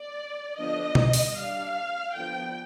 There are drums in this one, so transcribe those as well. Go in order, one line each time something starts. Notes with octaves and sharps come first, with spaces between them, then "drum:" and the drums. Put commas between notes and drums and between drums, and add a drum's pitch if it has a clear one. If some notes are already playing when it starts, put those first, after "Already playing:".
Already playing: D5
D3 F3 B3 D4 D#5
drum: tom B2
drum: open hi-hat
G3 D4 F5
D3 F3 B3 G5